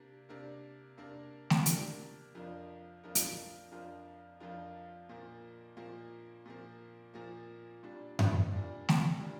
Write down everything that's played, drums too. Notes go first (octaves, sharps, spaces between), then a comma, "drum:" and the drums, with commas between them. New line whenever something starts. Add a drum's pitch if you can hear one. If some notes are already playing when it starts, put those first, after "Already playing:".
Already playing: C3 A#3 D4
C3 A#3 D4 A#4
C3 A#3 D4 A#4
drum: snare A3
C3 A#3 D4 A#4, drum: hi-hat
F2 F3 D4 F4 A#4
F2 F3 D4 F4 A#4
drum: hi-hat
F2 F3 D4 F4 A#4
F2 F3 D4 F4 A#4
A#2 F3 A#3
A#2 F3 A#3
A#2 F3 A#3
A#2 F3 A#3
A#2 G3 D4
drum: tom F#2
A#2 G3 D4
drum: snare A3
A#2 G3 D4